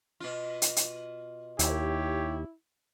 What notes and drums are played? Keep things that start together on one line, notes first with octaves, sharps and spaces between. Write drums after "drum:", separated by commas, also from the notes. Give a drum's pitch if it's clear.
B2 F4
drum: hi-hat
drum: hi-hat
D#2 E4 G4 C#5, drum: hi-hat